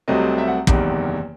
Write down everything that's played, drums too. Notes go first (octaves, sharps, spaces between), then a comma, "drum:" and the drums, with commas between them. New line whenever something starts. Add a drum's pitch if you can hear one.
C2 C3 F#3 A3 C4 D#5
E5
F#5
F#1 E2 C3 D#3, drum: kick